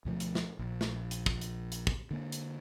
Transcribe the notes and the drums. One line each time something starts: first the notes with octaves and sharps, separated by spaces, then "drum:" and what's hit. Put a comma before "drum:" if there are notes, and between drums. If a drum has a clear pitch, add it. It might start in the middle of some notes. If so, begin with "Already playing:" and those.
D2 B2 F3 A3
drum: hi-hat
drum: snare
A#1
drum: snare
drum: hi-hat
drum: kick
drum: hi-hat
drum: hi-hat
drum: kick
D3 A#3
drum: hi-hat